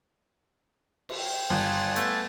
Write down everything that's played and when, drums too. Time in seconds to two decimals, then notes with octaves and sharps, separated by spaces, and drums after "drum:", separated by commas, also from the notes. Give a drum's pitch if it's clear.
1.09 drum: cymbal
1.19 G5
1.50 G1 G#5 A5 F#6
1.96 A3 B3, drum: hi-hat